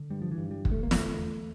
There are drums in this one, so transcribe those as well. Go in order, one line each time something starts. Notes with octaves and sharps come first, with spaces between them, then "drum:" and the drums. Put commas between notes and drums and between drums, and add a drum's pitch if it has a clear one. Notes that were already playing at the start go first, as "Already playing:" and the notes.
Already playing: D3
G2 G3
F3
E3
G2
G3
D3, drum: kick
A3
A#3
E2 A3, drum: snare
E2